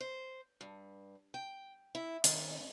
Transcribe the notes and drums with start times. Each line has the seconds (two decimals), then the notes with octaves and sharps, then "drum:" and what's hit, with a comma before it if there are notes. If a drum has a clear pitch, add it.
0.01 C5
0.61 G2
1.34 G5
1.95 E4
2.24 D#3, drum: hi-hat